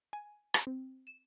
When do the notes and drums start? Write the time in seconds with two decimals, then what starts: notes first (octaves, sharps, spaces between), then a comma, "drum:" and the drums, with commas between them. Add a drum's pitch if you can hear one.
0.13 G#5
0.54 drum: rim click
0.67 C4
1.07 E7